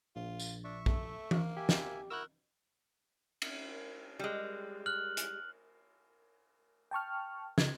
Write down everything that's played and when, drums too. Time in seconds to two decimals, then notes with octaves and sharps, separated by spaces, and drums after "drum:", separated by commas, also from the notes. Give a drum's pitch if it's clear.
0.16 A#1 F4
0.40 drum: tambourine
0.64 D4 E5 C#6
0.86 A3, drum: kick A#1
1.31 A#3, drum: tom E3
1.57 G4 E5 G#5
1.69 drum: snare
2.10 E4 F#4 A#4 E6 F#6
3.42 drum: cymbal
4.19 G3 G#3
4.86 F6 F#6 F#7
5.17 drum: hi-hat
6.91 G5 A5 C#6 F6
7.58 C#3 G#6, drum: snare